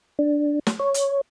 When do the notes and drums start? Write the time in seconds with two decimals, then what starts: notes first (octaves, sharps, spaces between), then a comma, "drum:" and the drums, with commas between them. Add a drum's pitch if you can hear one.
0.19 D4
0.67 drum: snare
0.80 C#5
0.94 drum: hi-hat